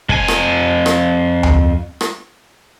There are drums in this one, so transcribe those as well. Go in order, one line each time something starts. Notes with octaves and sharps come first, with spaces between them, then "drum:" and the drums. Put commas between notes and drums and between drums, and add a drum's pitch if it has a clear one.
F2 G#5, drum: kick
drum: rim click
drum: rim click
drum: tom D2
drum: rim click